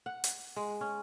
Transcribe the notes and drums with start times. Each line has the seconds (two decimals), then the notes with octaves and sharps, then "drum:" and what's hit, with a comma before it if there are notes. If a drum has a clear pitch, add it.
0.06 F#5
0.24 drum: hi-hat
0.56 G#3
0.81 C#4